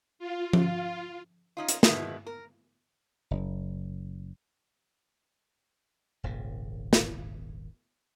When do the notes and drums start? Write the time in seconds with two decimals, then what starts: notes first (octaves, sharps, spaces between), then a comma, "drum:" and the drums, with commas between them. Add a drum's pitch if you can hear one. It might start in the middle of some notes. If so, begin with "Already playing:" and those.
0.19 F4
0.53 F4, drum: tom F3
1.57 C#4 D#4 F4
1.69 drum: hi-hat
1.83 B2 D#3 G#3 B3 E4, drum: snare
2.26 A#4
3.31 F#1
6.24 D#1 G#1 A#2 C#3
6.93 drum: snare